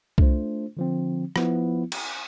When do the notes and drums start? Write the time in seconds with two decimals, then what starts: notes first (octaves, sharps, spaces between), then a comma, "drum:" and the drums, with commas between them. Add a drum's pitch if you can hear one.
0.18 A3 D4 F4 C5, drum: kick C2
0.77 D3 F3 C4
1.36 F3 B3 E4, drum: rim click
1.92 drum: cymbal